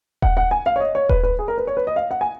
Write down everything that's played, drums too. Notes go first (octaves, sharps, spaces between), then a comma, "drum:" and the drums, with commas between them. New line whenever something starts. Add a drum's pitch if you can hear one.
F#5, drum: kick D#1
F#5
G#5
F5
C#5
D#5
C#5
B4, drum: kick D#1
B4
G#4
A#4
B4
C#5
B4
D#5
F5
F#5
G#5